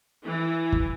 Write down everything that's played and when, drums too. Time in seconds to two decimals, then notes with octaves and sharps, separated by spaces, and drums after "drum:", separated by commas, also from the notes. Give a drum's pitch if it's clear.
0.25 E3
0.72 drum: kick